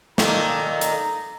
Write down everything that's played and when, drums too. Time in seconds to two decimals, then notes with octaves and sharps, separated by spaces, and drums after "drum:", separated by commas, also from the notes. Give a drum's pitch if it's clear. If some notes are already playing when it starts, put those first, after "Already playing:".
0.18 A#2 D#3 A#3 A4 A#5, drum: snare
0.81 drum: hi-hat